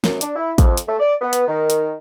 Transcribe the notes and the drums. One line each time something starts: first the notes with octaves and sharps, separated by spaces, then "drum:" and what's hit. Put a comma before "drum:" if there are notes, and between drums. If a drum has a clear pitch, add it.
F#2, drum: snare
D4, drum: hi-hat
E4
F2, drum: kick, hi-hat
drum: hi-hat
A3
D5
B3
drum: hi-hat
D#3
drum: hi-hat